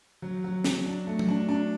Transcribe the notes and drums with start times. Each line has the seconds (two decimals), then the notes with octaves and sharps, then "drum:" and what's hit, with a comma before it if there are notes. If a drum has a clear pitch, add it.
0.22 F#3
0.44 F#3
0.64 F#3, drum: snare
0.86 D4
1.07 A3
1.19 drum: tom F#3
1.29 D4
1.49 D4